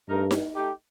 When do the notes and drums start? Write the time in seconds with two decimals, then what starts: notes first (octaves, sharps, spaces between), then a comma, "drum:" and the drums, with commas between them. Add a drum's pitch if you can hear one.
0.09 G2 A3 D#4 A#4
0.31 drum: snare D#4
0.55 A3 D#4 G4